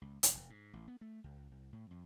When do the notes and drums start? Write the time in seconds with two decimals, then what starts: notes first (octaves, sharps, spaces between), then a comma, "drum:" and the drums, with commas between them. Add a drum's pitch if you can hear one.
0.02 C#2
0.23 D#1, drum: hi-hat
0.34 E1
0.50 G#2
0.73 A1
0.88 B3
1.01 A3
1.24 C#2
1.52 C2
1.73 A2
1.91 F2